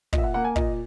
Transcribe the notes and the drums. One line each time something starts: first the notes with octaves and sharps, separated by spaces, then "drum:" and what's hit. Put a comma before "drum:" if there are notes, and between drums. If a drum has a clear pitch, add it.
A#2 D#5, drum: kick
E5
F#5
A#3 F#5
G#5
A#2 D#5, drum: kick